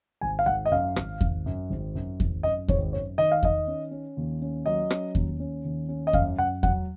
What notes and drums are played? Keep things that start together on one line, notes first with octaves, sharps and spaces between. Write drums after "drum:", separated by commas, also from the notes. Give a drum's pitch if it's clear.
G#1 G#5
F5
G#1 F#5
D#5
F#2 F5
G#1, drum: rim click
G#1, drum: kick E2
F#2
G#1
F#2
G#1, drum: kick E2
F#2 D#5
G#1 C#5, drum: kick E2
F#2 C#5
D#3 D#5
F5
D#3 D#5, drum: kick E2
C#4
C#4
D#2
C#4
F#3 D#5
C#4, drum: rim click
D#2, drum: kick E2
C#4
D#2
C#4
D#5
F#2 F5, drum: kick E2
F#2 F#5
F#3 F#5, drum: kick E2